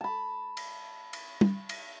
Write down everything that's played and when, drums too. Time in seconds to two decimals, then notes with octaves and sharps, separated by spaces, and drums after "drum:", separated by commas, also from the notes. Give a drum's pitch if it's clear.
0.01 A5 B5
0.57 drum: cymbal
1.13 drum: cymbal
1.41 drum: tom
1.69 drum: cymbal